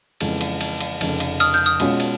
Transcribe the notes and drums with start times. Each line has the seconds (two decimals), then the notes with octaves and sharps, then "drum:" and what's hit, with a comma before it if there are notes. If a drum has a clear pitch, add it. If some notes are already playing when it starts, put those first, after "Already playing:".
0.21 F2 C#3 E3 G#3 B3, drum: cymbal
0.41 drum: cymbal
0.61 drum: cymbal
0.80 drum: cymbal
1.01 F1 F2 C#3, drum: cymbal
1.20 drum: cymbal
1.40 D#6 F6, drum: cymbal
1.54 F6 G6
1.66 D#6 F6
1.80 B2 G#3 C#4 F4, drum: cymbal
2.00 drum: cymbal